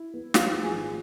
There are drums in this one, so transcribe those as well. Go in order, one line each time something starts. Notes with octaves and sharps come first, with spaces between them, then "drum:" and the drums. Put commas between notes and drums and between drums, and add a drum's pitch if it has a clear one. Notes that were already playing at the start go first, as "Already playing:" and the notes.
Already playing: E4
B3
B3 F4, drum: snare
F3
G#4
G#1